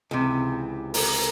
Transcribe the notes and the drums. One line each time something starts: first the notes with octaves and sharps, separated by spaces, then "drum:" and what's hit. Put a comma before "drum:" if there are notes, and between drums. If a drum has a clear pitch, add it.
C#2 C3 E3
A4 A#4, drum: open hi-hat